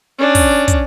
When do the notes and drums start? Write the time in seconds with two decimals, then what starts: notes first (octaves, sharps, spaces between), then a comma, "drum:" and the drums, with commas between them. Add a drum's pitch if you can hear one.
0.18 C#4 D4
0.35 drum: kick, open hi-hat
0.68 drum: kick, hi-hat